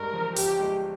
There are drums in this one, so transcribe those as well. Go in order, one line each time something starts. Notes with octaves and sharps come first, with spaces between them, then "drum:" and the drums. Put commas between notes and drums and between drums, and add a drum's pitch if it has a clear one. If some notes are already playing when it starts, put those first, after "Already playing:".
Already playing: G2 G#3 A#4
F3
G1 G4, drum: open hi-hat
G#3